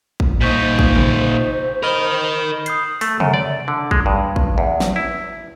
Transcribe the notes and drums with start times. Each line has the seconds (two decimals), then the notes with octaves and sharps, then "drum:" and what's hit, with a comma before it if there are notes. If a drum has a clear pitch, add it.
0.20 drum: kick
0.41 A#2 D#4 C5 C#6 G6 B6
0.79 drum: kick
0.96 drum: tom C3
1.83 A#4 D#5 B5 F6 G7
2.66 D#6 G6 C7, drum: hi-hat
3.01 A3, drum: open hi-hat
3.20 F#2, drum: tom C3
3.34 D5
3.68 D3
3.91 G#3, drum: kick
4.06 G2
4.36 drum: kick
4.58 E2
4.80 drum: snare
4.96 E4